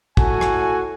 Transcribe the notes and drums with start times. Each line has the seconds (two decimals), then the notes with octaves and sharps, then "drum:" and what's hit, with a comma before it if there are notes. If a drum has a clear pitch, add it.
0.17 A2 F#4 A4 G#5, drum: kick
0.41 drum: rim click